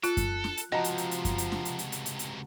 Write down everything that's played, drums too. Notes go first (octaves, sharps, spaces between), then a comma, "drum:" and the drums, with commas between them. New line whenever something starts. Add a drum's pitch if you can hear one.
F4 A4 F#6, drum: hi-hat
drum: kick F#2, hi-hat
drum: snare
drum: hi-hat
C#2 C3 F3 F#4 D#5 A5 A#5
drum: hi-hat
drum: hi-hat
drum: hi-hat
drum: kick F#2, hi-hat
drum: hi-hat
drum: snare
drum: hi-hat
drum: hi-hat
drum: hi-hat
drum: hi-hat
drum: hi-hat